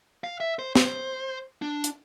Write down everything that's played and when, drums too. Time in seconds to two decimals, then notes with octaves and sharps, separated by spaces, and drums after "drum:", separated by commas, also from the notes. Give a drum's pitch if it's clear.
0.24 F5
0.40 E5
0.59 C5
0.75 C5, drum: snare
1.62 D4
1.84 drum: hi-hat